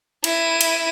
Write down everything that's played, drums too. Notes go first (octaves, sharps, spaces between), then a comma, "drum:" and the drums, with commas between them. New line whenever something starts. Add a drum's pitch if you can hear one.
E4 D#7, drum: cymbal
drum: cymbal